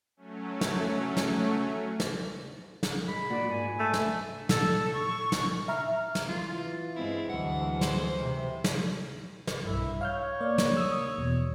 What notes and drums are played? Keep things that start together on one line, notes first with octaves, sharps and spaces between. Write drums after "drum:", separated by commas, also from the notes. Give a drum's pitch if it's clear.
F#3 A3 C#4
drum: snare
drum: snare
drum: snare
drum: snare
G#3 B5
A#2 F#4 D5
G#2 G#5
A3 E6
drum: snare
A#2 A4, drum: snare
C#6
drum: snare
E5 A#5 F6
drum: snare
E3 F4
G2 G#3 C4 E4
D2 E3 F#3 G#3 F#5
C5, drum: snare
C3
drum: snare
drum: snare
B1 G2 E4
C#5 F5 F6 G6
A#3 D5
drum: snare
D#6 E6
E2 B2